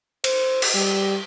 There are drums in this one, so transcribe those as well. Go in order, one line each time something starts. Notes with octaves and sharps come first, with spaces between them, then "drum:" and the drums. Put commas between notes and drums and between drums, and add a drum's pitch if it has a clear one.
C5, drum: cymbal
drum: cymbal
G3